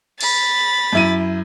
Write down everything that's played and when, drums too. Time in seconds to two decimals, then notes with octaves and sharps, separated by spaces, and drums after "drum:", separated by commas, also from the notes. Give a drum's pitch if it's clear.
0.21 B5 A6, drum: cymbal
0.93 F#2 E4 D#7